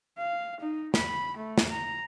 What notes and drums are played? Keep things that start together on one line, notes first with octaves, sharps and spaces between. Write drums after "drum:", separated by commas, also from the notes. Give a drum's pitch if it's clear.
F5
D#4
B5, drum: snare
A3
drum: snare
A#5